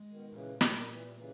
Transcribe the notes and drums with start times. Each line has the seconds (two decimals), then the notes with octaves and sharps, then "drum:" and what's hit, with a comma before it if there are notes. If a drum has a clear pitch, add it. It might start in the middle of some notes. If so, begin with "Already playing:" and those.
Already playing: G#3
0.11 B2 D#3
0.33 A#2 C#3 E3
0.61 D#3 G3, drum: snare
0.75 A#2
0.89 E3
1.03 G3
1.16 C#3 E3 A#3